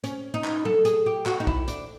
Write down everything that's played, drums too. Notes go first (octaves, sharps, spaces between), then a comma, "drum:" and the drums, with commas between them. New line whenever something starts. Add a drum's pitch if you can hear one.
C#4, drum: hi-hat
D#4
drum: clap
A4, drum: tom F#3
G#4, drum: hi-hat
G4
F#4, drum: clap
D#4
E4, drum: kick B1
D4, drum: hi-hat